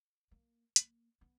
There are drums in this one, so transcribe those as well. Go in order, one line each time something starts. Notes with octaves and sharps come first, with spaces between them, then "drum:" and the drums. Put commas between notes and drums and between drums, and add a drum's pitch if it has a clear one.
A#3
A#3, drum: hi-hat
B3